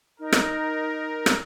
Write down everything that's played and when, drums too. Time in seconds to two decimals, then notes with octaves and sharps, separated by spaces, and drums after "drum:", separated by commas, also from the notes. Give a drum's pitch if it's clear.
0.19 D#4 A#4
0.32 drum: rim click
1.26 drum: rim click